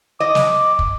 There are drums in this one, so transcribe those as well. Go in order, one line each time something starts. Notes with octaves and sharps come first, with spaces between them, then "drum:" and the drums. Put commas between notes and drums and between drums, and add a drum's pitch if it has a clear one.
D#5 D6
drum: snare
drum: kick